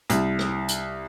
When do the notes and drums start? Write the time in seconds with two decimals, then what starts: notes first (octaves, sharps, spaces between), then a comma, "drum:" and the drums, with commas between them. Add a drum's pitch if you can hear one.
0.10 C2, drum: hi-hat
0.39 drum: rim click
0.68 drum: hi-hat